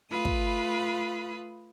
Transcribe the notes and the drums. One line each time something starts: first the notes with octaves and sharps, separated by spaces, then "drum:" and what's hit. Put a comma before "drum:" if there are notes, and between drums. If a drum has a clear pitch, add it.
A3 F4 B4 B5 D#6
drum: kick